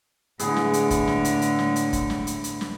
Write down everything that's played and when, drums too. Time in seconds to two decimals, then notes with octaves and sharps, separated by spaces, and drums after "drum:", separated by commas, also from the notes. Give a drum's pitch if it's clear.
0.39 A2 D3 B3 E4 G#4, drum: hi-hat
0.56 drum: snare
0.74 drum: hi-hat
0.91 drum: kick F#1, hi-hat
1.08 drum: snare
1.25 drum: hi-hat
1.42 drum: hi-hat
1.59 drum: snare
1.76 drum: hi-hat
1.93 drum: kick F#1, hi-hat
2.10 drum: snare
2.27 drum: hi-hat
2.44 drum: hi-hat
2.61 drum: snare